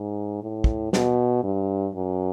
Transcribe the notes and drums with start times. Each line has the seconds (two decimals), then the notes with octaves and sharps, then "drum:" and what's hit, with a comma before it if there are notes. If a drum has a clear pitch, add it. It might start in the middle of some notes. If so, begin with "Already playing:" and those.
Already playing: G#2
0.43 A2
0.64 drum: kick
0.93 B2, drum: snare
1.43 G2
1.94 F#2